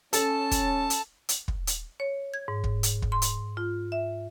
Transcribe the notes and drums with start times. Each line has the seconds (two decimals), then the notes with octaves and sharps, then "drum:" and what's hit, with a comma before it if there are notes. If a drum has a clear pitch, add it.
0.13 C#4 A4 A5, drum: hi-hat
0.51 drum: kick, hi-hat
0.90 drum: hi-hat
1.29 drum: hi-hat
1.48 drum: kick
1.67 drum: hi-hat
2.00 C#5
2.34 G#6
2.48 G#2
2.64 drum: kick
2.83 drum: hi-hat
3.02 drum: kick
3.12 C6
3.22 drum: hi-hat
3.57 F4
3.92 E5